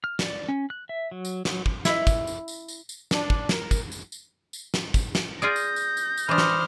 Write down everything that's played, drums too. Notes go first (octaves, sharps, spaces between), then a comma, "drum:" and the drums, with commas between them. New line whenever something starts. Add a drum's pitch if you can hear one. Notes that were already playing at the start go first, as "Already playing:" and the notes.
F6
D5, drum: snare
C#4
F#6
E5
F#3
drum: tambourine
F#3, drum: snare
drum: kick
E4, drum: snare
drum: kick, tambourine
drum: tambourine
drum: tambourine
drum: tambourine
drum: tambourine
D4, drum: snare
drum: kick
A#4, drum: snare
drum: kick, tambourine
drum: tambourine
drum: tambourine
drum: tambourine
drum: snare
drum: kick, tambourine
drum: snare
F4 G#4 D5 D#6 G6 A#6
drum: tambourine
drum: tambourine
drum: tambourine
drum: tambourine
E3 D4 C5 B5 D6 D#6 F6
drum: snare